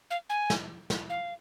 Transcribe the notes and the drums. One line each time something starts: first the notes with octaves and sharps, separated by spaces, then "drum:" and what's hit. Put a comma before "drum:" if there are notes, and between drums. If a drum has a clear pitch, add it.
F5
G#5
drum: snare
drum: snare
F5